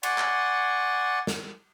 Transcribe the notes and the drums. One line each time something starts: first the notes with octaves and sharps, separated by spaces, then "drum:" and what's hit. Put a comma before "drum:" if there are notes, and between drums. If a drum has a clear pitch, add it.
D5 F#5 G#5 C6 C#6, drum: cymbal
drum: clap
drum: snare